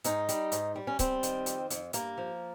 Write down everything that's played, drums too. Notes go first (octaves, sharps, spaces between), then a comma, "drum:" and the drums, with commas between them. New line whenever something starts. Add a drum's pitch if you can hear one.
G#2 D#4, drum: hi-hat
G3, drum: hi-hat
G#2, drum: hi-hat
G3
C#4
G3 C4, drum: kick C#1, hi-hat
D#3, drum: hi-hat
F2, drum: hi-hat
F2, drum: hi-hat
G2 A#3, drum: hi-hat
F3